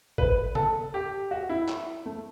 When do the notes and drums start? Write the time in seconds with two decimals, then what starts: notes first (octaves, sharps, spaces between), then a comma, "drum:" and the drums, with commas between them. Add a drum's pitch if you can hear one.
0.18 B4, drum: kick
0.55 A4, drum: tom C#3
0.94 G4
1.31 F#4
1.49 E4
1.69 drum: clap
2.06 A3